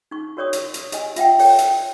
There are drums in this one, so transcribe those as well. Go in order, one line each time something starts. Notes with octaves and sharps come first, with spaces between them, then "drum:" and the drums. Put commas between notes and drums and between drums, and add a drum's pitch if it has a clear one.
D#4 C#6
F#4 A#4 C#5 D5 C#6 D#6
drum: hi-hat
drum: hi-hat
G4 D#5 G#5, drum: hi-hat
F4 E5 F#5 G5, drum: hi-hat
A4 C#5 D5 G5, drum: open hi-hat
drum: hi-hat